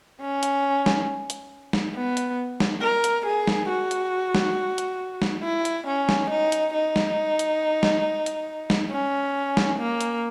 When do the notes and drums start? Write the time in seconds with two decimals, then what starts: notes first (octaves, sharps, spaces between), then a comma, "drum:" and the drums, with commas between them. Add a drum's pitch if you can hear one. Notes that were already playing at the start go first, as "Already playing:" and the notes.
0.21 C#4
0.43 drum: hi-hat
0.86 drum: snare
1.30 drum: hi-hat
1.73 drum: snare
1.95 B3
2.17 drum: hi-hat
2.60 drum: snare
2.82 A#4
3.04 drum: hi-hat
3.26 G#4
3.47 drum: snare
3.69 F#4
3.91 drum: hi-hat
4.35 drum: snare
4.78 drum: hi-hat
5.22 drum: snare
5.43 E4
5.65 drum: hi-hat
5.87 C#4
6.09 drum: snare
6.30 D#4
6.52 drum: hi-hat
6.74 D#4
6.96 drum: snare
7.39 drum: hi-hat
7.83 drum: snare
8.26 drum: hi-hat
8.70 drum: snare
8.91 C#4
9.57 drum: snare
9.79 A#3
10.01 drum: hi-hat